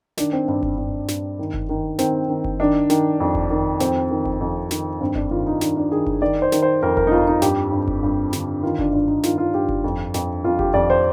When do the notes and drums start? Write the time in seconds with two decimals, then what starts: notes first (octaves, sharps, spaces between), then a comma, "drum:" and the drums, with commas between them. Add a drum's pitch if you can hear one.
0.17 D#3 D4, drum: snare
0.33 C4
0.48 G2 D4
0.63 C4, drum: kick F#1
0.78 G2
1.08 G2, drum: snare
1.39 D#3
1.54 drum: kick F#1
1.69 D#3
1.99 D#3 C4, drum: snare
2.29 D#3
2.44 drum: kick F#1
2.60 D#3 D4
2.90 D#3, drum: snare
3.20 F2
3.35 drum: kick F#1
3.51 D#3
3.80 F2 C4, drum: snare
4.11 D#3
4.25 drum: kick F#1
4.41 F2
4.71 D#3, drum: snare
5.01 G2 C4
5.15 D4, drum: kick F#1
5.30 D#3 F4
5.47 D#4
5.61 D#3 D4, drum: snare
5.77 D4
5.92 D#3 G#4
6.07 drum: kick F#1
6.21 D#3 D5
6.42 C5
6.52 D#3, drum: snare
6.62 C5
6.83 F2 A#4
6.97 A#4, drum: kick F#1
7.07 D#4
7.12 F2 F4
7.27 D#4
7.42 G2 G4, drum: snare
7.72 G2
7.88 drum: kick F#1
8.03 G2
8.33 D3, drum: snare
8.63 D#3 F4
8.79 D4, drum: kick F#1
8.93 G2 D4
9.08 D#4
9.23 D#3 F4, drum: snare
9.38 F4
9.54 G2 G4
9.69 drum: kick F#1
9.84 F2
10.14 F2, drum: snare
10.44 F2 F4
10.59 G4, drum: kick F#1
10.74 F2 D5
10.90 C5